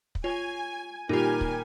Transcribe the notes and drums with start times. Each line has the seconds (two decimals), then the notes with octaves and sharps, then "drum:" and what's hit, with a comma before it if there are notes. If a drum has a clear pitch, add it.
0.15 drum: kick
0.24 F4 C#5 G#5
1.09 A#2 D#3 G3 D#4 F4 G4 A#4 G#5
1.41 drum: kick